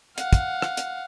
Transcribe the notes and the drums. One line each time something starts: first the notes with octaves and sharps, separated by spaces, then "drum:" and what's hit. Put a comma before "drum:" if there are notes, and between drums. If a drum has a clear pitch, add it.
F5 F#5, drum: hi-hat
drum: kick, hi-hat
drum: rim click
drum: hi-hat